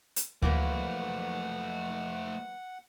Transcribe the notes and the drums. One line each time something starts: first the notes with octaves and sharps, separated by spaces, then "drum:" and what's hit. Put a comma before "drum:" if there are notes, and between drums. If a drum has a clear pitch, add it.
drum: hi-hat
F2 E3 F#3 A3 A#3 F#5, drum: kick D2